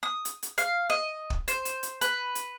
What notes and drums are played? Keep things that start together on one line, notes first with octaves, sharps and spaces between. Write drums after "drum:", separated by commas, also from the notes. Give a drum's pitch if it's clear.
D#6
drum: hi-hat
drum: hi-hat
F5, drum: hi-hat
D#5
drum: kick
C5, drum: hi-hat
drum: hi-hat
drum: hi-hat
B4, drum: hi-hat
drum: hi-hat